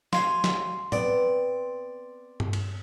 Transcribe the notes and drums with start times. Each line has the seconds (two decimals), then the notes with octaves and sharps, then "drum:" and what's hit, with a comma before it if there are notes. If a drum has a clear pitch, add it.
0.13 F5 G#5 C6, drum: snare
0.44 drum: snare
0.92 B3 C4 D5, drum: tom G#2
2.40 drum: tom G2
2.53 drum: cymbal